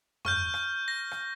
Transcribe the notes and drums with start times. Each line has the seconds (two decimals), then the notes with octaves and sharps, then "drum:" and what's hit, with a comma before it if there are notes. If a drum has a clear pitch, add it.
0.25 C#6 F6 G6, drum: tom F2
0.54 drum: rim click
0.88 A#6
1.11 drum: rim click